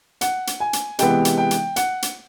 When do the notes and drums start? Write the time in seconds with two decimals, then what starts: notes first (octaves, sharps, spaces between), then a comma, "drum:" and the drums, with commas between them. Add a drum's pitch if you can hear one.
0.21 F#5, drum: hi-hat
0.47 drum: hi-hat
0.60 G#5
0.73 drum: hi-hat
0.99 C3 E3 G#3 B3 G5, drum: hi-hat
1.25 drum: hi-hat
1.38 G5
1.51 drum: hi-hat
1.76 F#5, drum: hi-hat
2.02 drum: hi-hat